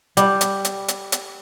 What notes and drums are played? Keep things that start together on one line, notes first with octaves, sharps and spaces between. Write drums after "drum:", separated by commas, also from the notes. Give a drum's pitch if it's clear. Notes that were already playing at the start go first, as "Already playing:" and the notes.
G3, drum: hi-hat
drum: hi-hat
drum: hi-hat
drum: hi-hat
drum: hi-hat